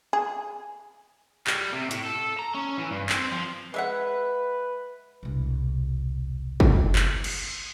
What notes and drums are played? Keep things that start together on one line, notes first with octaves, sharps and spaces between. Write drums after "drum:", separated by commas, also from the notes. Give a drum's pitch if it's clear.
G#4
G3, drum: clap
C3
A2, drum: hi-hat
A4
A#5
C#4
E3
G2
C4, drum: clap
F3
G#3 B4 E5 F#5
E1 C2
drum: kick
drum: clap
drum: cymbal